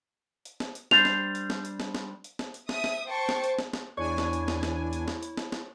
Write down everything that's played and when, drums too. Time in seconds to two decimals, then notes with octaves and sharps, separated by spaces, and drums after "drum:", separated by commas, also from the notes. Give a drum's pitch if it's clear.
0.45 drum: hi-hat
0.60 drum: snare
0.75 drum: hi-hat
0.91 G3 D4 C5 F7, drum: snare
1.05 drum: snare
1.35 drum: hi-hat
1.50 drum: snare
1.65 drum: hi-hat
1.80 drum: snare
1.95 drum: snare
2.24 drum: hi-hat
2.39 drum: snare
2.54 drum: hi-hat
2.69 E5 D#6, drum: snare
2.84 drum: snare
3.08 C5 G5 A5 C#6
3.29 drum: snare
3.44 drum: hi-hat
3.59 drum: snare
3.73 drum: snare
3.97 E2 D4 E4 C#5 G#5
4.18 drum: snare
4.33 drum: hi-hat
4.48 drum: snare
4.63 drum: snare
4.93 drum: hi-hat
5.08 drum: snare
5.23 drum: hi-hat
5.37 drum: snare
5.52 drum: snare